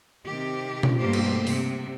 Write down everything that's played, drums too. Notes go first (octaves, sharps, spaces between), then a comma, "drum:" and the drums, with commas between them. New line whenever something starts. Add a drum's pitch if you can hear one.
C3 D#3 G4
drum: tom B2
G2 B2 A3 A#3 G4 C5
drum: cymbal
C3, drum: open hi-hat